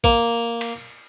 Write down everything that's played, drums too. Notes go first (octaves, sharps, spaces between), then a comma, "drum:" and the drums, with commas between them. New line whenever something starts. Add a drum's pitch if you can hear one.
A#3, drum: kick
drum: cymbal